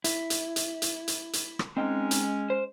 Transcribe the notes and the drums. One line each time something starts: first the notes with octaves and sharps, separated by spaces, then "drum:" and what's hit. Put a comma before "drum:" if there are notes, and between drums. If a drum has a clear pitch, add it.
E4, drum: hi-hat
drum: hi-hat
drum: hi-hat
drum: hi-hat
drum: hi-hat
drum: hi-hat
drum: rim click
G#3 C4 C#4 D#4 G5
drum: hi-hat
C5